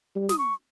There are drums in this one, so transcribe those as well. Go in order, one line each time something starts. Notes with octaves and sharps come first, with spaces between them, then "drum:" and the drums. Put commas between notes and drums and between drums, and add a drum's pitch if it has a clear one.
G3
D#6, drum: snare
C#6